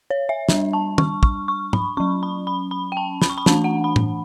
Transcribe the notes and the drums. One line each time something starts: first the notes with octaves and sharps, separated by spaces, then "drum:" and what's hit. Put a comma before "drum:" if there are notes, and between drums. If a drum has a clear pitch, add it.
C#5
E5
G3 D4, drum: snare
A5
C#6, drum: tom
C#6, drum: kick
C#6
B5, drum: tom G#2
F#3 C#4 C#6
B5
B5
B5
G5
A5
B5, drum: snare
C#6
B5
E3 A3 D4 A5, drum: snare
F#5
B5
drum: tom